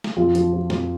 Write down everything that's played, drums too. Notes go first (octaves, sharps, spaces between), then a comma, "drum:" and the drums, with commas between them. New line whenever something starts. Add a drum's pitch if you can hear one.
drum: snare
F2 F4
F3, drum: hi-hat
F3
F2, drum: snare